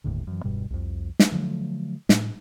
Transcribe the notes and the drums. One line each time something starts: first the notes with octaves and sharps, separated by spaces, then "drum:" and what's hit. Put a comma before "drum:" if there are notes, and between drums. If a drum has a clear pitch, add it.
G1 D#2 A2 D3
F#2 E3
E1 G2 B2 G3
C2 F2
drum: snare
D3 F3 F#3 A3
A2, drum: snare